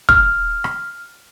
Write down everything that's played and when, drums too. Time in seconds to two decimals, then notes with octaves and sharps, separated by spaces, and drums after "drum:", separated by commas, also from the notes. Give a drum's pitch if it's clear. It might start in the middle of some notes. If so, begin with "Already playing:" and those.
0.09 F6, drum: kick
0.64 drum: rim click